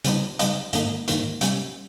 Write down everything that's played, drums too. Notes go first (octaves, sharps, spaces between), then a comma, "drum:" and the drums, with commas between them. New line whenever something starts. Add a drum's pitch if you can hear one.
C#3 G3 C4 D#4, drum: hi-hat
C#3 G3 C4 D#4, drum: hi-hat
G#2 D#3 A#3 D#4, drum: hi-hat
G#2 D#3 A#3 D#4, drum: hi-hat
C3 G3 C#4 G4, drum: hi-hat